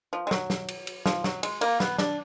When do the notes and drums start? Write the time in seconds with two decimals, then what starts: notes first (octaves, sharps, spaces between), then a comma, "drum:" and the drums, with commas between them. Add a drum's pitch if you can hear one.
0.13 F3
0.27 G#3
0.31 F#3, drum: snare
0.50 drum: snare
0.68 drum: cymbal
0.87 drum: cymbal
1.06 F3, drum: snare
1.24 F#3, drum: snare
1.43 G#3, drum: cymbal
1.61 A#3, drum: cymbal
1.80 B3, drum: snare
1.98 D4, drum: snare